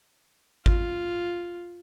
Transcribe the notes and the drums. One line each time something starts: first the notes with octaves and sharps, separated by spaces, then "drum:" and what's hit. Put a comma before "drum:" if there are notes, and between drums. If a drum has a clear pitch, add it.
F4, drum: kick G#1